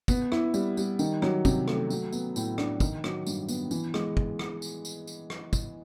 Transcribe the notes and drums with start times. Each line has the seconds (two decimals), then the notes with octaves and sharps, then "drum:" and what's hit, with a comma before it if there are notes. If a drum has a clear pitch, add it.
0.08 B3, drum: kick, tambourine
0.32 E4, drum: rim click
0.54 G3, drum: tambourine
0.77 G3, drum: tambourine
0.99 D#3, drum: tambourine
1.22 F#3, drum: rim click
1.45 C3, drum: kick, tambourine
1.68 A3, drum: rim click
1.90 F#3, drum: tambourine
2.13 B3, drum: tambourine
2.36 A2, drum: tambourine
2.58 D4, drum: rim click
2.80 D#3, drum: kick, tambourine
3.04 F#3, drum: rim click
3.27 G2, drum: tambourine
3.49 B3, drum: tambourine
3.71 E3, drum: tambourine
3.94 G#3, drum: rim click
4.17 drum: kick
4.39 drum: rim click
4.62 drum: tambourine
4.85 drum: tambourine
5.07 drum: tambourine
5.30 drum: rim click
5.53 drum: kick, tambourine